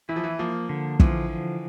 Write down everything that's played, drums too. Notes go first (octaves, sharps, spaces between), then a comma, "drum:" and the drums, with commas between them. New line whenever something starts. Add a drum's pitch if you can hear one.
E3 E4
F3
E3
F3 A#3
D3
E3 F3, drum: kick
D3